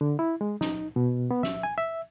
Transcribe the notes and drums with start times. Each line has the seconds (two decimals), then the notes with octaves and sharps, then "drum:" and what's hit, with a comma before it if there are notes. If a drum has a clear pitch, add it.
0.01 D3
0.19 E4
0.41 G#3
0.61 D#4, drum: snare
0.96 B2
1.31 B3
1.43 E5, drum: snare
1.63 G#5
1.78 E5